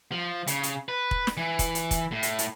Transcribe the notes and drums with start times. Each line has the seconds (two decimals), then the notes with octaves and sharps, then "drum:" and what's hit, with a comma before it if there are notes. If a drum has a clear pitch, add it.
0.12 F3
0.47 C#3, drum: hi-hat
0.63 drum: hi-hat
0.88 B4
1.11 drum: kick
1.27 drum: snare
1.37 E3
1.59 drum: kick, hi-hat
1.75 drum: hi-hat
1.91 drum: kick, hi-hat
2.12 A2
2.23 drum: hi-hat
2.39 drum: hi-hat